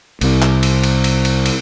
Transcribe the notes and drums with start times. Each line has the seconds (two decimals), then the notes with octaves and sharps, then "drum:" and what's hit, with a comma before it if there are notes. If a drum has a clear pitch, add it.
0.21 C2 C4, drum: cymbal
0.42 drum: clap
0.63 drum: cymbal
0.83 drum: cymbal
1.04 drum: cymbal
1.25 drum: cymbal
1.46 drum: cymbal